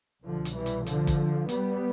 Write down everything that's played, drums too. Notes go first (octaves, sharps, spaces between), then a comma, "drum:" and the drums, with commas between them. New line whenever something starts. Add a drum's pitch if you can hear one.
C2 B2 D3 F3
drum: hi-hat
E3 G3
drum: hi-hat
D3 F3, drum: hi-hat
drum: kick F#1, hi-hat
G3 B3, drum: hi-hat